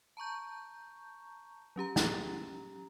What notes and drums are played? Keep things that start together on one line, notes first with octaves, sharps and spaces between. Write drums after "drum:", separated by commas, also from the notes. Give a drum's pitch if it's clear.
A5 A#5 C#6 G6
F#3 C#4 G4 A#5
drum: snare